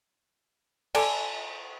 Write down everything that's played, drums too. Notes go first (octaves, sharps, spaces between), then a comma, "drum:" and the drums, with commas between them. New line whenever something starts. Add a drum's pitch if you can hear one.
A4 D5 G#5, drum: cymbal